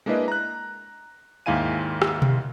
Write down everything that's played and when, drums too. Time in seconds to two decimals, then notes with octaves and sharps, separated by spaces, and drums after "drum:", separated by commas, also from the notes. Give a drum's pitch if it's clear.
0.06 G#3 A#3 D4 E4 B4 D#5
0.28 A#5 F#6
1.46 D#2 G#2 E4 F5 G#5 D#7
2.02 drum: rim click
2.22 drum: tom B2